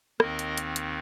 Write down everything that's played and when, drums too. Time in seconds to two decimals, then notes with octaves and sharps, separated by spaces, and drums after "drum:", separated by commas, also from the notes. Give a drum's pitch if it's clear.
0.20 D#2 D#3 C4 D#4 A#4 D#5, drum: rim click
0.39 drum: hi-hat
0.57 drum: hi-hat
0.76 drum: hi-hat